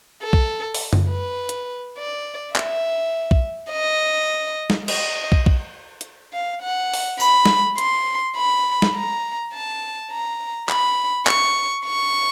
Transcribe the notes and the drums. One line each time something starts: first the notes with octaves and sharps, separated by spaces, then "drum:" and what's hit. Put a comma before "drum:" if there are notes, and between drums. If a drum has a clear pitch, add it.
A4
drum: kick
drum: open hi-hat
drum: tom F#2
B4
drum: hi-hat
D5
E5, drum: clap
drum: kick
D#5
drum: snare
D#5, drum: cymbal
drum: kick
drum: kick
drum: hi-hat
F5
F#5
drum: open hi-hat
B5, drum: tambourine
drum: snare
C6, drum: hi-hat
B5
drum: snare
A#5
A5
A#5
B5, drum: clap
C#6, drum: clap
C#6